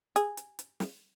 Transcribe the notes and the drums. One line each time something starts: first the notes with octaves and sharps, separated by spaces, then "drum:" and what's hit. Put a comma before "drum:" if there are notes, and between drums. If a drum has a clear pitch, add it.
G#4, drum: hi-hat
drum: hi-hat
drum: hi-hat
drum: snare